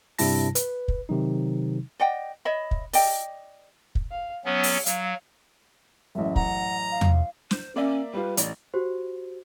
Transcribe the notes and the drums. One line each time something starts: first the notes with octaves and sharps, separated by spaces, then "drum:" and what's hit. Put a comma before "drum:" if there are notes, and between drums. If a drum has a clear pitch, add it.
G2 C3 G3 E4 A5 A#6, drum: open hi-hat
B4, drum: hi-hat
drum: kick
C3 D#3 F#3 D#4
D5 D#5 F#5 G5
C#5 D#5 E5 B5
drum: kick
D5 D#5 G5, drum: open hi-hat
drum: kick
F5
F#3 B3 C#4 C#5
drum: open hi-hat
F#3 F5, drum: hi-hat
A1 F#2 E5
F#5 A#5, drum: kick
F5
drum: tom E2
C5, drum: snare
A#3 C#4 D5 E5
G3 F4 B4
A1 D5, drum: hi-hat
F#4 G4 C5